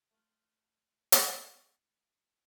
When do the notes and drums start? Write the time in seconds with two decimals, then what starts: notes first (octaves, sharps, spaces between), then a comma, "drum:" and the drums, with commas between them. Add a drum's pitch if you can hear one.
0.11 A3 F4
1.12 drum: hi-hat